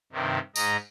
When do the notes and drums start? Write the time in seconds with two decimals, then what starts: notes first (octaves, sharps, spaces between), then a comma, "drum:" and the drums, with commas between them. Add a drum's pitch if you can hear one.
0.12 G2 C3 D#3
0.56 G#2 D#5 A#5, drum: tambourine